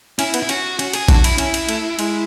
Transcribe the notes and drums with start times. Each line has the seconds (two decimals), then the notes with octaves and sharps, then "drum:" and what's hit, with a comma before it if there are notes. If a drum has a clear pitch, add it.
0.19 C#4 E4, drum: cymbal
0.34 B3, drum: cymbal
0.43 E4
0.49 C#4 F#4, drum: cymbal
0.79 C#4 F#4, drum: cymbal
0.93 G#4, drum: cymbal
1.08 D4 F#4, drum: kick A#1, cymbal
1.24 E4, drum: cymbal
1.38 C#4 E4, drum: cymbal
1.54 drum: cymbal
1.69 A3, drum: cymbal
1.99 G#3, drum: cymbal